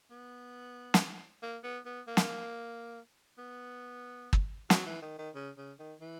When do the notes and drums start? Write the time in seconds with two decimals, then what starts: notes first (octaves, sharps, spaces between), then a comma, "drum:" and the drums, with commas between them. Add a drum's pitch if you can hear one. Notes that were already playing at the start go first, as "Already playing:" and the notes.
0.11 B3
0.94 drum: snare
1.42 A#3
1.64 B3
1.85 B3
2.07 A#3
2.17 drum: snare
3.38 B3
4.33 drum: kick
4.70 F#3, drum: snare
4.86 E3
5.02 D#3
5.18 D#3
5.35 C#3
5.57 C#3
5.79 D#3
6.01 E3